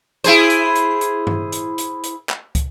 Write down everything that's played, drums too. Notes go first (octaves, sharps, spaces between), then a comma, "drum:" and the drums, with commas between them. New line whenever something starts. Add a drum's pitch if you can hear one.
E4 G#4 C5, drum: hi-hat
drum: hi-hat
drum: hi-hat
drum: hi-hat
drum: tom G2
drum: hi-hat
drum: hi-hat
drum: hi-hat
drum: clap
drum: kick, hi-hat